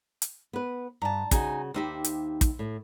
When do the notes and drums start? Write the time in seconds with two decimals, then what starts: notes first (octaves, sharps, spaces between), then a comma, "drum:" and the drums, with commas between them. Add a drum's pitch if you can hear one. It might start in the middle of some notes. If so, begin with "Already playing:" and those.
0.22 drum: hi-hat
0.53 B3 B4
1.02 G2 A5 A#5
1.31 C#3 D#4 F#4 G#5, drum: kick, hi-hat
1.74 D#2 D#4 G4 C5 E5 B5
2.04 drum: hi-hat
2.41 drum: kick, hi-hat
2.59 A2